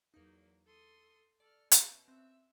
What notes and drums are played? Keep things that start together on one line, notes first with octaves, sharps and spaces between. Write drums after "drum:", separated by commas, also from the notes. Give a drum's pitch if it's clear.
E2 F#3 A#3 D#4
A4 C6 D#6
A4 D5 F6
B2 C#4 E5, drum: hi-hat
C4 E5 F#6